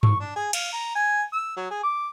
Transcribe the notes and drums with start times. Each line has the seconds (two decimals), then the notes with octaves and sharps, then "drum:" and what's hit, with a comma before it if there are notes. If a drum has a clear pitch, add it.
0.03 C#6, drum: tom G2
0.20 D4
0.36 G#4
0.53 F5, drum: cymbal
0.73 A#5
0.95 G#5
1.32 E6
1.57 F#3
1.71 G#4
1.83 D6